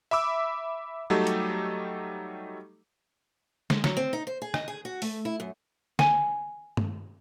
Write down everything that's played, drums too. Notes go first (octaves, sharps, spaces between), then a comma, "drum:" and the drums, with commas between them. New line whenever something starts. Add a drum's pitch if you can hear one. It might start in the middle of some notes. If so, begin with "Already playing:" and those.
E5 B5 D6 E6
F#3 G3 A3 D#4 G4 A4
drum: hi-hat
G#3, drum: snare
F#3, drum: snare
C4
D#4
C5
G#4
D#5, drum: rim click
G#4
F#4
A3, drum: open hi-hat
E4
F#2
G#5, drum: snare
drum: tom G2